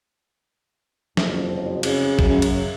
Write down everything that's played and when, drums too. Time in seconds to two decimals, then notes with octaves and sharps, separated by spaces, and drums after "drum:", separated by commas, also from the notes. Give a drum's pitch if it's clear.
1.17 F#1 C2 F2, drum: snare
1.83 C#3, drum: cymbal
2.19 F#2, drum: kick A1
2.42 drum: cymbal